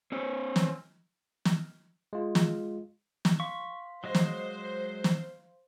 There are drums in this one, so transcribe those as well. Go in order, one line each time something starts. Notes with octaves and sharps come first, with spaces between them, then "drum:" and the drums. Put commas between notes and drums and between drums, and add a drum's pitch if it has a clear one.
C4 C#5
drum: snare
drum: snare
G#3 F4
drum: snare
drum: snare
F5 C6 C#6 B6
F#3 G#3 C5 D#5
drum: snare
drum: snare